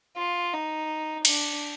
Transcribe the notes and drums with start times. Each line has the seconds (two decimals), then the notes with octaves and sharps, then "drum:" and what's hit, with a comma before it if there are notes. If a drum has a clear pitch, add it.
0.17 F4
0.53 D#4
1.25 D4, drum: cymbal